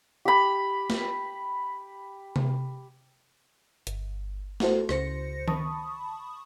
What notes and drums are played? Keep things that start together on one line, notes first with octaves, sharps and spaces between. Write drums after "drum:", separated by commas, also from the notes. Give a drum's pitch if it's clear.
G4 B5
drum: snare
drum: tom C3
G1, drum: hi-hat
A3 E4 F#4 A4 C5, drum: snare
C#2 C#3 C5 A#6 C#7, drum: rim click
A5 B5 C#6 D#6, drum: tom D#3